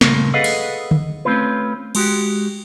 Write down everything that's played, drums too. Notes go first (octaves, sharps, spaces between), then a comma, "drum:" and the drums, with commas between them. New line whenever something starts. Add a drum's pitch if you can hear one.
G2 A#2 C#3 A3 A#3, drum: snare
G#4 A4 B4 D#5 F5 F#5
drum: cymbal
drum: tom D3
A3 C4 C#4 F4 B4
G#3 F#4 G4, drum: cymbal